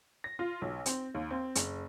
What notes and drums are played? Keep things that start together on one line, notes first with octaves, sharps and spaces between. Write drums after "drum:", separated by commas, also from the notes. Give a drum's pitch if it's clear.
A#6
F4
B1
C4, drum: hi-hat
D#2
C4
F#1, drum: hi-hat